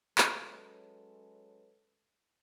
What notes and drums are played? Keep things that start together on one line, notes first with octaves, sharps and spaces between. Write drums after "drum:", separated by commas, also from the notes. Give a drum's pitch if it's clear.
F#3 G#3 C#4 A4 B4, drum: clap